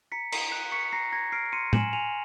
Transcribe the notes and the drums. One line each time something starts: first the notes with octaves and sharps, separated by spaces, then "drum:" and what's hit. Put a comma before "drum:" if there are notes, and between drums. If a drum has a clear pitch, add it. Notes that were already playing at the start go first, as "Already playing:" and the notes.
A#5 B6 C#7
A#5, drum: cymbal
F#6
C#6 B6 C#7
A#5 A#6 C7
A#5 G#6 A#6
F6 C7 D7
C6 C#7 D#7
G#5 E7 F#7, drum: tom A2
G#5 D#7 F7